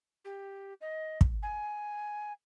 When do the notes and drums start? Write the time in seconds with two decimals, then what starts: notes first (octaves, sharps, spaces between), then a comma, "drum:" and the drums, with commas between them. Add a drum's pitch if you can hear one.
0.25 G4
0.81 D#5
1.21 drum: kick
1.43 G#5